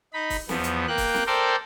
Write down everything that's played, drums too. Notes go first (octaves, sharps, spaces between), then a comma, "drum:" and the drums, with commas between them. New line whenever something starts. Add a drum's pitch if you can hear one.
D#4 B5
drum: kick, open hi-hat
E2 F3 B3, drum: snare
drum: hi-hat
A#3 G5 F#6
drum: kick, open hi-hat
drum: snare
A4 A#4 C5 D5 G5